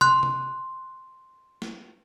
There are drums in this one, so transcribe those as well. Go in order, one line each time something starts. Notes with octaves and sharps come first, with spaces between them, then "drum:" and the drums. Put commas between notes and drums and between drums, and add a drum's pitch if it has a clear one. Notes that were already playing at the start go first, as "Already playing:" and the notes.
C6 F#6, drum: tom
drum: tom C3
drum: snare